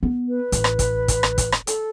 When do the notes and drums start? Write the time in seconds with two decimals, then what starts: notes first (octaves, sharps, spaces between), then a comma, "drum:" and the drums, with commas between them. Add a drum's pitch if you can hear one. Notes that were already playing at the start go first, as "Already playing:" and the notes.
0.03 B3
0.29 B4
0.52 A1, drum: hi-hat
0.64 drum: rim click
0.79 drum: kick, hi-hat
1.08 drum: kick, hi-hat
1.23 drum: rim click
1.38 drum: kick, hi-hat
1.52 drum: rim click
1.67 A4, drum: hi-hat